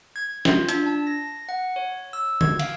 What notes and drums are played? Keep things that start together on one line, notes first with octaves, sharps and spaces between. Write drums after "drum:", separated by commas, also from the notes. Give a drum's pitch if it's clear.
G#6
F4, drum: snare
D4, drum: hi-hat
A5
A#6
F#5
C#5
E6
G#6, drum: tom D3
F5, drum: cymbal